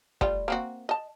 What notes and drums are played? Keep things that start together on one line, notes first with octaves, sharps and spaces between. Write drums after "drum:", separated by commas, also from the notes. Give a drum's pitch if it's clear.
G3 A3 F4, drum: kick
A#3 C4 F#4
D#5 A5